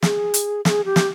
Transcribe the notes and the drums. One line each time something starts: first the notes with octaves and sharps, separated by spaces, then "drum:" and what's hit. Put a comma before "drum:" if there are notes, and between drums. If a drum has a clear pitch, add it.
G#4, drum: snare
drum: hi-hat
A4, drum: snare
G#4
G4
drum: snare